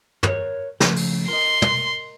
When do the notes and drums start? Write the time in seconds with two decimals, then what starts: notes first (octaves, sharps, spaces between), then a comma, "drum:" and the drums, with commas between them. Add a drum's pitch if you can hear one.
0.23 A#4 C#5, drum: tom
0.80 C#3 F3 A3, drum: snare
0.96 drum: open hi-hat
1.28 A#4 D#5 C6
1.62 drum: tom